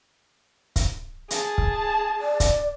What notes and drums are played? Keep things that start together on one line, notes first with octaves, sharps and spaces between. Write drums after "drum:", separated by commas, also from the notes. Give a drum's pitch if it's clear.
drum: kick, hi-hat
G#4 A5, drum: hi-hat
drum: kick
D5
drum: kick, hi-hat